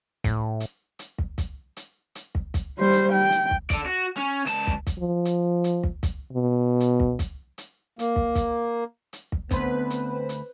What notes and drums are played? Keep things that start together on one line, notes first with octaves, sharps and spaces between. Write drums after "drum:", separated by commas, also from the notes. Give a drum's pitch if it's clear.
A2, drum: kick, hi-hat
drum: hi-hat
drum: hi-hat
drum: kick
drum: kick, hi-hat
drum: hi-hat
drum: hi-hat
drum: kick
drum: kick, hi-hat
G3 C5
drum: hi-hat
G5
drum: hi-hat
drum: kick
A4 D5, drum: kick, hi-hat
F#4
C#4
C#2 A5, drum: hi-hat
drum: kick
drum: kick, hi-hat
F3
drum: hi-hat
drum: hi-hat
drum: kick
drum: kick, hi-hat
B2
drum: hi-hat
drum: kick
drum: kick, hi-hat
drum: hi-hat
A#3, drum: hi-hat
drum: kick
drum: kick, hi-hat
drum: hi-hat
drum: kick
D2 B3 C4 B4 C5, drum: kick, hi-hat
drum: hi-hat
drum: hi-hat